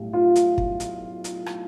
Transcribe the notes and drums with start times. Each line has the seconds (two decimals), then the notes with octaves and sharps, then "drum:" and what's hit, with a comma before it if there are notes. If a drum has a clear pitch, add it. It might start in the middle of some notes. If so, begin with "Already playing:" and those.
Already playing: B1 A2 G3
0.13 F4
0.36 drum: hi-hat
0.58 drum: kick
0.80 drum: hi-hat
1.24 drum: hi-hat
1.46 drum: rim click